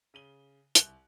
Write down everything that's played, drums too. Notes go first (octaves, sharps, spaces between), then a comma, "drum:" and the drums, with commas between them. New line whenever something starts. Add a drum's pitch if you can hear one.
C#3 D#7 G7
C2 F#6, drum: hi-hat